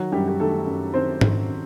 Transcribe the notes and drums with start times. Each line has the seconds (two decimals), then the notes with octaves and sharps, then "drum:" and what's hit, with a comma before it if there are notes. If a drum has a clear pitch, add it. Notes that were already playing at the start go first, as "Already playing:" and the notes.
Already playing: D#3 F#3 F#4
0.12 F#2 G3 G4
0.28 G4
0.40 D#3 A3 A4
0.67 F#2
0.93 D#3 C4 C5
1.21 D#3, drum: tom G#2
1.48 D#3